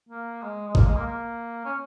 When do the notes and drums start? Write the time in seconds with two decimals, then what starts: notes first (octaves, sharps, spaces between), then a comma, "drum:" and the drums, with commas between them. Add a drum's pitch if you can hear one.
0.09 A#3
0.42 G#3
0.68 G#3
0.75 A#3, drum: kick G#1
0.86 G#3
0.97 A#3
1.07 A#3
1.65 C#4